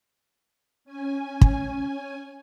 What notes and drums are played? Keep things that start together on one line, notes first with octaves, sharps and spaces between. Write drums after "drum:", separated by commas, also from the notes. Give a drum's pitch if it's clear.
C#4 G#5
drum: kick